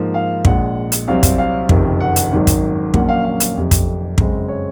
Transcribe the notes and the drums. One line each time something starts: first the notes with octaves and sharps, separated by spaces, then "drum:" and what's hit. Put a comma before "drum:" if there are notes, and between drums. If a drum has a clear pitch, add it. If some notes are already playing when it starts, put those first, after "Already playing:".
Already playing: G#2 F3 A#3
F5
A#1 A#2 G#3 F#5, drum: kick
drum: hi-hat
C2 C3 F#3 C4 F5
drum: kick, hi-hat
F5
F#1 F2 C3 D#3, drum: kick
F#5
drum: hi-hat
G#1 G#2 D#3 F#3
drum: kick, hi-hat
A#1 A#2 F#3 A#3 C#4 F#5, drum: kick
F#5
F5
F5
drum: hi-hat
F1 F2 C3
drum: kick, hi-hat
F#2 C#3 G#3 C4, drum: kick
C#5